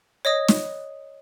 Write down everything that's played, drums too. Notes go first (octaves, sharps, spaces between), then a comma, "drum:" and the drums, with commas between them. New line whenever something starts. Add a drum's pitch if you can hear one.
C#5 D#5 D#6 A#6
drum: snare